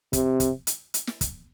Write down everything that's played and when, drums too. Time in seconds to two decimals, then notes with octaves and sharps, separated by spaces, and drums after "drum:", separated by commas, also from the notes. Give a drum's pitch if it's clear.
0.13 C3, drum: kick, hi-hat
0.40 drum: kick, hi-hat
0.67 drum: hi-hat
0.94 drum: hi-hat
1.07 drum: snare
1.21 drum: kick, hi-hat